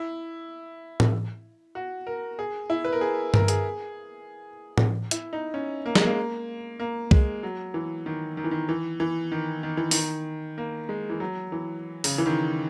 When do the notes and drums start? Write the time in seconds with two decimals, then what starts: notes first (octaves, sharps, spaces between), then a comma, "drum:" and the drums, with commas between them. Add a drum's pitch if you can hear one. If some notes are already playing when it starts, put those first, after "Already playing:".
Already playing: E4
1.00 drum: tom A2
1.75 F#4
2.07 A#4
2.39 G#4
2.70 E4
2.84 B4
2.93 A#4
3.01 G#4
3.34 A#4, drum: tom G2
3.48 G#4, drum: hi-hat
4.78 drum: tom A2
5.11 E4, drum: hi-hat
5.33 D#4
5.54 C#4
5.86 A#3
5.95 G#3, drum: snare
6.05 A#3
6.80 A#3
7.11 G#3, drum: kick C2
7.43 F#3
7.74 E3
8.06 D#3
8.37 D#3
8.44 E3
8.51 D#3
8.69 E3
9.00 E3
9.32 D#3
9.63 D#3
9.77 E3
9.91 D#3, drum: open hi-hat
10.58 A#3
10.89 G#3
11.10 E3
11.20 F#3
11.52 E3
12.04 C#3, drum: open hi-hat
12.18 E3
12.26 D#3